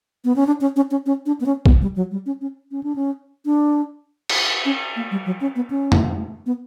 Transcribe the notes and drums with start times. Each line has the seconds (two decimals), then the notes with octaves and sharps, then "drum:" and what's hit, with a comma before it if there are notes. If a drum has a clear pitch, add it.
0.25 B3
0.36 C#4
0.47 D4
0.61 C#4
0.76 C#4
0.91 C#4
1.06 C#4
1.26 D4
1.41 B3
1.46 C#4
1.66 B3, drum: kick
1.82 G3
1.96 F#3
2.11 G3
2.26 C#4
2.41 C#4
2.71 C#4
2.83 D4
2.96 C#4
3.45 D4
4.29 drum: cymbal
4.65 C#4
4.96 A#3
5.11 G3
5.26 F#3
5.41 C#4
5.56 B3
5.70 C#4
5.92 drum: tom
6.46 B3